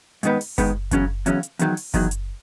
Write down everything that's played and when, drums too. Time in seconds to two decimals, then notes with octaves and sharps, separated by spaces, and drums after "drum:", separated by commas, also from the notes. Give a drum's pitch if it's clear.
0.23 G#2 D#3 G#3 B3, drum: hi-hat
0.41 drum: open hi-hat
0.58 G#2 D#3 G#3 B3, drum: kick F#1, hi-hat
0.91 E2 C#3 F#3 C#4, drum: kick F#1, hi-hat
1.26 E2 C#3 F#3 C#4, drum: hi-hat
1.43 drum: hi-hat
1.59 E2 D#3 F#3, drum: hi-hat
1.77 drum: open hi-hat
1.94 E2 D#3 F#3, drum: kick F#1, hi-hat
2.11 drum: hi-hat